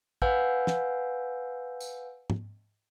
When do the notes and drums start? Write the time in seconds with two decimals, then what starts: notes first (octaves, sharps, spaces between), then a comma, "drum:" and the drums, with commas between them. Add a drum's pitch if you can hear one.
0.22 B4 F5 F#5 G#5 E6 G6, drum: kick
0.67 drum: snare
1.80 drum: tambourine
2.30 drum: tom